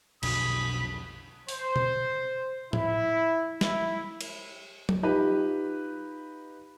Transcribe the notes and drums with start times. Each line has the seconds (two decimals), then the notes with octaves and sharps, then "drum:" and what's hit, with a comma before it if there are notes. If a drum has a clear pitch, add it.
0.23 B1 F2 B2 D3 B5 D#6, drum: cymbal
1.49 C5, drum: open hi-hat
1.76 drum: tom B2
2.73 E4, drum: tom A2
3.61 E4, drum: snare
4.21 drum: cymbal
4.89 drum: tom F#3
5.03 D#4 F4 G4 B4 F5